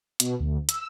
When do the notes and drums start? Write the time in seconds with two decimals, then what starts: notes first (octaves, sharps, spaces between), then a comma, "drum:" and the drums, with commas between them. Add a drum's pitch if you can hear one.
0.20 B2, drum: hi-hat
0.40 D2
0.69 E6, drum: hi-hat